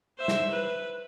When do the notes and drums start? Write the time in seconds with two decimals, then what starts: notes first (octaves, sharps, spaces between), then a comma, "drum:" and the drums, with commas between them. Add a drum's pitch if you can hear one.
0.18 C5 E5
0.28 drum: snare
0.52 B4